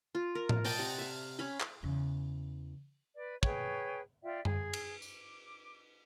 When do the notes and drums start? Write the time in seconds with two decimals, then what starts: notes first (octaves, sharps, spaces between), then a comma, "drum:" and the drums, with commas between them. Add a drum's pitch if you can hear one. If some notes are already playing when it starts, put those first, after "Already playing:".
0.15 F4
0.35 A#4
0.49 drum: tom A2
0.65 D5 D#5 G5 A5, drum: open hi-hat
0.79 C3 F#5
0.98 E5 F5
1.39 C#4 F5 B5 C6
1.60 drum: clap
1.83 E2 C#3
3.14 B4 D5
3.43 G#4 B4 C#5 G5, drum: kick
4.23 F4 D5 E5 G5
4.45 G#4, drum: tom F#2
4.73 drum: cymbal
5.02 D6, drum: tambourine